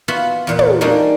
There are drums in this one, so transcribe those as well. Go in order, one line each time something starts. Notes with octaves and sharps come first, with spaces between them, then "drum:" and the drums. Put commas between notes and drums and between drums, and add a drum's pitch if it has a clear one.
B3 F4 F#4 E5 F#5 B5
E2 A#2 F#5
drum: tom
G3 G#3 A#3 D4 D#4 F#4